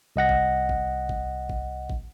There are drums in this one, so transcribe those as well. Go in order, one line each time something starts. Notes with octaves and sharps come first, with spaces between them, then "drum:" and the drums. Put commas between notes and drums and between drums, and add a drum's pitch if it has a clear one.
C2 D#5 F#5 A#6
drum: kick
drum: kick
drum: kick
drum: kick
drum: kick